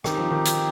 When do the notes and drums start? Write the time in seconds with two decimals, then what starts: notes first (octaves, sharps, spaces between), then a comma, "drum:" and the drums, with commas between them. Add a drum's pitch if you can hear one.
0.04 D#3 C4 D#4 G4, drum: rim click
0.17 F3
0.31 D#3
0.45 drum: hi-hat